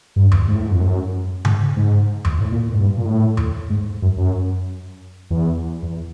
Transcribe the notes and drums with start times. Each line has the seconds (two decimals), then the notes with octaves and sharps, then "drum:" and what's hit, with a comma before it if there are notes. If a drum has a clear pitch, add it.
0.16 G2
0.32 drum: tom D#2
0.48 G#2
0.55 A2
0.64 G#2
0.71 F2
0.79 F#2
1.45 G#2, drum: tom C#3
1.76 G#2
2.25 drum: tom D#2
2.40 A2
2.52 A#2
2.73 G#2
2.81 G2
2.97 A#2
3.05 A2
3.37 drum: tom D#2
3.70 G#2
4.02 F#2
4.17 F#2
5.30 E2
5.83 E2